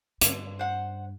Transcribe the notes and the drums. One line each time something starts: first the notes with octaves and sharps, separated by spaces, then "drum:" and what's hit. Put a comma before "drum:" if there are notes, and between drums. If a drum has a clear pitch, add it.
G2 D3, drum: hi-hat
C5 F#5